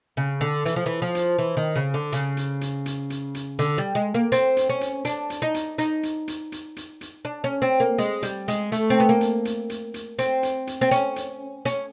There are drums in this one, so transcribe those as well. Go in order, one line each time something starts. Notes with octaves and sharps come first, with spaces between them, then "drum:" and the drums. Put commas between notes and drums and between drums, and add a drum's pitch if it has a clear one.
C#3
D3
E3, drum: hi-hat
F3
E3
F3
drum: hi-hat
E3
D#3
C#3
D3
C#3, drum: hi-hat
drum: hi-hat
drum: hi-hat
drum: hi-hat
drum: hi-hat
drum: hi-hat
D3, drum: hi-hat
G3
G#3
A#3
C4, drum: hi-hat
drum: hi-hat
C#4
drum: hi-hat
D4, drum: hi-hat
drum: hi-hat
D#4
drum: hi-hat
D#4, drum: hi-hat
drum: hi-hat
drum: hi-hat
drum: hi-hat
drum: hi-hat
drum: hi-hat
D4
C#4
C4
A#3
G#3, drum: hi-hat
G3, drum: hi-hat
G#3, drum: hi-hat
A3, drum: hi-hat
C4
B3
A#3
drum: hi-hat
drum: hi-hat
drum: hi-hat
drum: hi-hat
C4, drum: hi-hat
drum: hi-hat
drum: hi-hat
C4
C#4, drum: hi-hat
drum: hi-hat
C#4, drum: hi-hat